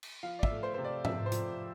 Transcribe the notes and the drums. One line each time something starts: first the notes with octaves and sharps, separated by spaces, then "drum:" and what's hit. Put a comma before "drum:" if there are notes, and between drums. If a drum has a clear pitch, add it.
drum: cymbal
F3 F5
D5
E5, drum: kick
A3
C5
C3 C5
D5
F2 E5, drum: tom G#2
C5
F3, drum: hi-hat